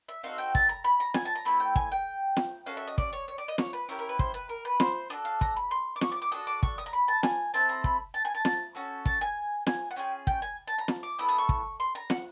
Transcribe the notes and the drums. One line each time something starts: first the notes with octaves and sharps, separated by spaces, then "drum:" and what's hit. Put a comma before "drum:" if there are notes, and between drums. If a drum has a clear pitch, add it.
E5
C4 D#4 F#4 A4 F5
G5
A5, drum: kick
A#5
B5
A#5
G#5, drum: snare
A5
A#5
A3 C4 E4 B5
G5
G#5, drum: kick
G5
drum: snare
C#4 F#4 A4 F5
E5
D#5
D5, drum: kick
C#5
C#5
D5
D#5
C#5, drum: snare
B4
C#4 E4 G4 A#4
A#4
B4
C5, drum: kick
B4
A#4
B4
C5, drum: snare
D4 F#4 A4 D#5
F5
A#5, drum: kick
B5
C6
D6
C#6, drum: snare
D6
D6
D4 F#4 A4 D#6
D6
C#6, drum: kick
D#6
A#5
B5
A5
G#5, drum: snare
C4 E4 A4 A5
A#5
B5, drum: kick
A5
G#5
A5
drum: snare
C#4 F#4 A4
A5, drum: kick
G#5
G#5, drum: snare
F#5
C#4 F4 G#4 G5
G5, drum: kick
G#5
A5
A#5
drum: snare
D6
B3 E4 A4 D#6
D#6
C#6
drum: kick
C6
A#5
F#5, drum: snare